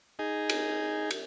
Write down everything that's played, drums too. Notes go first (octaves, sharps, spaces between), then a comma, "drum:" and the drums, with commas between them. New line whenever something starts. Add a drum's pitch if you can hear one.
D#4 G#4
drum: cymbal
drum: cymbal